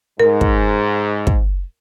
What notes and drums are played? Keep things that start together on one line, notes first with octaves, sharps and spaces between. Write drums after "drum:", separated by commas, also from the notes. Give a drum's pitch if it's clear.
G#2 A#4
drum: kick
drum: kick